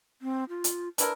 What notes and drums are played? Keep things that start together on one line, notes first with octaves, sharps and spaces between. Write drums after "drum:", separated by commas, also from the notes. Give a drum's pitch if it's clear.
C4
F4
drum: hi-hat
D4 E4 A#4 B4, drum: hi-hat